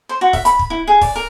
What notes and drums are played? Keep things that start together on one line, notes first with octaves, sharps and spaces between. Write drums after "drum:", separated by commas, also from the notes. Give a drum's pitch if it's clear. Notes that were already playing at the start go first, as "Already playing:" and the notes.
C5
F#4
E5, drum: kick, open hi-hat
B5, drum: hi-hat
drum: kick
E4
G#4
D5, drum: kick, open hi-hat
A#4